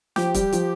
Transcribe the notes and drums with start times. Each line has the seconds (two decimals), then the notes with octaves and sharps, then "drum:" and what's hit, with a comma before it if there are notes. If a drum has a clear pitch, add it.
0.16 F3 G4, drum: snare
0.34 G3, drum: kick, hi-hat
0.52 F3, drum: hi-hat